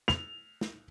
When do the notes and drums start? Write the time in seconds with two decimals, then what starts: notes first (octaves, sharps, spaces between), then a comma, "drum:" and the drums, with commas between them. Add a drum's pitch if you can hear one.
0.08 F7, drum: snare
0.61 drum: snare